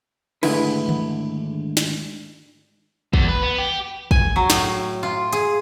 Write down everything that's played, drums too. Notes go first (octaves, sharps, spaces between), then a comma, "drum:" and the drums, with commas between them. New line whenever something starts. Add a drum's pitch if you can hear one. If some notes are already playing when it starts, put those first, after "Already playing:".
D#2 G#2 D3 A3 E4 B4, drum: cymbal
drum: tom D3
drum: snare
E2, drum: kick
B4
B3
G4
G#5, drum: kick
F#3
A2, drum: snare
F4
G#4, drum: hi-hat